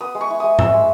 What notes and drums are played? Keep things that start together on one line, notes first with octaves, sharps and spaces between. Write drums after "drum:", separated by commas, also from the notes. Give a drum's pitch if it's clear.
B3 D#6
G#3
C#6
E4
G#3 D#6
E4 E6, drum: tom G#2
G#3